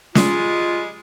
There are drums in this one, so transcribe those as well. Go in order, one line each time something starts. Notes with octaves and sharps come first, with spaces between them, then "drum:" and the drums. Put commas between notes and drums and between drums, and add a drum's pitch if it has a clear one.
G3 G#3 F4, drum: snare